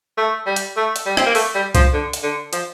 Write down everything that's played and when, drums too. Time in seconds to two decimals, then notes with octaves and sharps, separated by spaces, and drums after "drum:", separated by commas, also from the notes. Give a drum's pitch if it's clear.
0.18 A3
0.46 G3
0.56 drum: hi-hat
0.76 A3
0.96 drum: hi-hat
1.06 G3
1.17 C4, drum: rim click
1.26 A#3
1.35 A3, drum: open hi-hat
1.55 G3
1.75 F3, drum: kick C2, hi-hat
1.93 D3
2.13 drum: hi-hat
2.23 D3
2.53 F3, drum: hi-hat